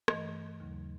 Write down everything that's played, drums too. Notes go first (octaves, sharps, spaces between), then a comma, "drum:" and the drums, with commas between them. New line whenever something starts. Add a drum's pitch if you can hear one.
G2 E3 A3 D#5, drum: rim click
D#2 C#3 F#3